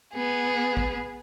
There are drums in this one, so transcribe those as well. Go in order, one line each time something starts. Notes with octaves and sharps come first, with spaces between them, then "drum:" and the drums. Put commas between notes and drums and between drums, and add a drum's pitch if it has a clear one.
B3 G#4
drum: kick G#1